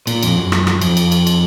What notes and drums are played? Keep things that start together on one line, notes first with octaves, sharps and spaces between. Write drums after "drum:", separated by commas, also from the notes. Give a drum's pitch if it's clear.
A#2, drum: cymbal
F2, drum: cymbal
F#2
drum: rim click
F#2, drum: rim click
F2, drum: cymbal
drum: cymbal
drum: cymbal
drum: cymbal